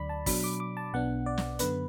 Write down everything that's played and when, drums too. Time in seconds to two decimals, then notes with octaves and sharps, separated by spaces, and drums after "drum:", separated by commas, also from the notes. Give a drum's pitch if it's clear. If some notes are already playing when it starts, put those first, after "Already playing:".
Already playing: D2 D3 F#3 D5 B5
0.09 A5
0.26 B2 F#3 D4 B5, drum: kick, open hi-hat
0.44 D6
0.60 D6
0.77 A5
0.93 B1 B2 B3 D4 F#5
1.26 D5
1.38 drum: snare
1.59 F#2 D3 B3 B4, drum: hi-hat